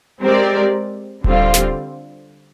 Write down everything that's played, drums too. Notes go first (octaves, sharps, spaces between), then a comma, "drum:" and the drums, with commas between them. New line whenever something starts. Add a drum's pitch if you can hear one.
G#3 C4 G4 A#4 D5
D3 G3 C4 F4, drum: kick D#1
drum: snare